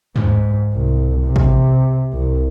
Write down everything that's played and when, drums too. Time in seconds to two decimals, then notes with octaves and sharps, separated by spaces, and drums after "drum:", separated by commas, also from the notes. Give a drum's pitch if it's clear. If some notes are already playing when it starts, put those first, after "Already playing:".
0.16 G#2, drum: tom
0.73 C2
1.27 C3
1.36 drum: kick A1
2.13 C2